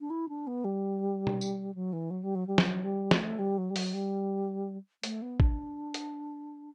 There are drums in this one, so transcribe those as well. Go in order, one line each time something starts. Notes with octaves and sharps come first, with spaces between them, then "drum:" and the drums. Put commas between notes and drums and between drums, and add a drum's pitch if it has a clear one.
D4
E4
D4
B3
G3
drum: tom B2
drum: tambourine
F#3
E3
F#3
G3
F#3
G3
F#3, drum: snare
G3
A3, drum: snare
G3
F#3
G3
F#3, drum: open hi-hat
G3
A3, drum: hi-hat
B3
D4, drum: kick
drum: hi-hat